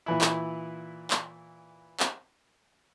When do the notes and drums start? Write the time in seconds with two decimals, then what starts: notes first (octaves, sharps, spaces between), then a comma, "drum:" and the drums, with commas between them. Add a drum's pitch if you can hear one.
0.06 A#2 E3 E4
0.21 drum: clap
1.11 drum: clap
2.00 drum: clap